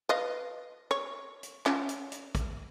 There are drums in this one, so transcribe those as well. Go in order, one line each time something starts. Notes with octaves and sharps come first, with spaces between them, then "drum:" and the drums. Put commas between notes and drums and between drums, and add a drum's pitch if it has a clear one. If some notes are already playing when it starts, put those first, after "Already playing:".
B4 D#5 F5
C#5
drum: hi-hat
C#4 F4, drum: clap
drum: hi-hat
drum: hi-hat
drum: kick, hi-hat